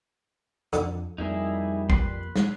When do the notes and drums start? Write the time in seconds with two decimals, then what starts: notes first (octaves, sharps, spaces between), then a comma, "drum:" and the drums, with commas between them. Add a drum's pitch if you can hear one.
0.73 F2 D3, drum: hi-hat
1.18 F2 G3 A#3 D#4 E4 G#4
1.90 B4 B5 C6, drum: kick
2.36 drum: snare